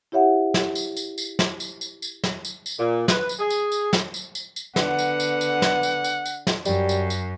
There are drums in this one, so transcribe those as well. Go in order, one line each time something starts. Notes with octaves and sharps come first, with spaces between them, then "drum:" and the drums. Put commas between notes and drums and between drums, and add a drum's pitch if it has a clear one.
E4 G4 C#5 E5 F#5
drum: snare
drum: tambourine
drum: tambourine
drum: tambourine
drum: snare
drum: tambourine
drum: tambourine
drum: tambourine
drum: snare
drum: tambourine
drum: tambourine
A#2
B4, drum: snare
drum: tambourine
G#4
drum: tambourine
drum: tambourine
drum: snare
drum: tambourine
drum: tambourine
drum: tambourine
D3 B3 F#5, drum: snare
drum: tambourine
drum: tambourine
drum: tambourine
drum: snare
drum: tambourine
drum: tambourine
drum: tambourine
drum: snare
F#2 G3, drum: tambourine
drum: tambourine
drum: tambourine